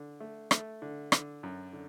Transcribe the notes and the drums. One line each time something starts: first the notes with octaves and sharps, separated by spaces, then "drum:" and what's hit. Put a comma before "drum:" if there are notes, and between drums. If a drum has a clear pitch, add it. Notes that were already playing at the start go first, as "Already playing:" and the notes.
Already playing: D3
A3
A3, drum: rim click
D3
D3, drum: rim click
F#2
D3